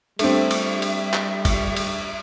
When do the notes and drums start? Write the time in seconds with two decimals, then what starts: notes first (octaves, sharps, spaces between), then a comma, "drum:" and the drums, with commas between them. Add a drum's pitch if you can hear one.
0.19 G3 A3 C4 D4 G4 E5, drum: cymbal
0.51 drum: cymbal
0.82 drum: cymbal
1.14 drum: clap
1.45 drum: kick, cymbal
1.76 drum: cymbal